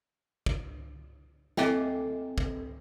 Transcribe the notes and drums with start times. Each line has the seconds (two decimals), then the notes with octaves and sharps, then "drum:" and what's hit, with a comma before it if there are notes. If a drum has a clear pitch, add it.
0.46 drum: kick
1.57 C4 A4 D#5 E5 G5 G#5, drum: snare
2.38 drum: kick